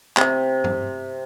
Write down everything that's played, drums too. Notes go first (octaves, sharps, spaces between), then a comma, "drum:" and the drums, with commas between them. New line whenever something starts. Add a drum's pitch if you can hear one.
C3, drum: clap
drum: tom G2